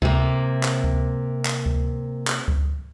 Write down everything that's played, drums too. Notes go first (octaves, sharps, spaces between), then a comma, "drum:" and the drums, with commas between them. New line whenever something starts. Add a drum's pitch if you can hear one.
C3 A#3, drum: kick C#2
drum: clap
drum: kick C#2
drum: clap
drum: kick C#2
drum: clap
drum: kick C#2